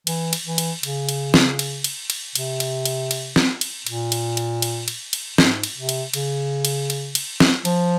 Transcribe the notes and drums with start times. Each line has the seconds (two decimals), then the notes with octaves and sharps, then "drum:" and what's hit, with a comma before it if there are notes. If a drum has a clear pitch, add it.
0.07 E3, drum: cymbal
0.33 drum: cymbal
0.45 E3
0.58 drum: cymbal
0.83 C#3, drum: cymbal
1.09 drum: cymbal
1.34 drum: snare
1.59 drum: cymbal
1.84 drum: cymbal
2.10 drum: cymbal
2.35 C3, drum: cymbal
2.60 drum: cymbal
2.85 drum: cymbal
3.11 drum: cymbal
3.36 drum: snare
3.61 drum: cymbal
3.87 A#2, drum: cymbal
4.12 drum: cymbal
4.37 drum: cymbal
4.62 drum: cymbal
4.88 drum: cymbal
5.13 drum: cymbal
5.38 G#2, drum: snare
5.63 drum: cymbal
5.77 C3
5.89 drum: cymbal
6.14 C#3, drum: cymbal
6.65 drum: cymbal
6.90 drum: cymbal
7.15 drum: cymbal
7.40 drum: snare
7.65 F3, drum: cymbal